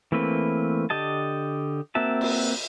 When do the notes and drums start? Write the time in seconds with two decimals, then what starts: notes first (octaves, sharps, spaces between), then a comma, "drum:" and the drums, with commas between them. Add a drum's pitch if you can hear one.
0.12 E3 A3 A#3 C4 B4
0.90 D3 G4 D#5 A5
1.95 A#3 C4 F#4 E5 A5
2.21 drum: cymbal